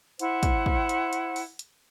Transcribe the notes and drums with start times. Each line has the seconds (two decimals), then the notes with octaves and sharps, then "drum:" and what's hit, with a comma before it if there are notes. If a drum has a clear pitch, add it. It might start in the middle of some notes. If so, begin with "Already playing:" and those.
0.19 E4 C5 F#5, drum: hi-hat
0.43 drum: kick, hi-hat
0.66 drum: kick
0.89 drum: hi-hat
1.13 drum: hi-hat
1.36 drum: open hi-hat
1.59 drum: hi-hat